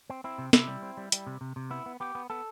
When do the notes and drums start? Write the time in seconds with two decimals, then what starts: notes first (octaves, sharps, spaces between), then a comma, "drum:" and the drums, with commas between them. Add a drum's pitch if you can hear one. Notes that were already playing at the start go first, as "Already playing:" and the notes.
0.10 C4
0.24 C4 E4
0.38 C3
0.53 C3 E4, drum: snare
0.67 G3
0.82 C4
0.97 G3
1.12 G3, drum: hi-hat
1.27 C3
1.41 C3
1.56 C3
1.70 B3 E4
1.86 B3
2.00 B3 G4
2.15 B3
2.30 B3 A4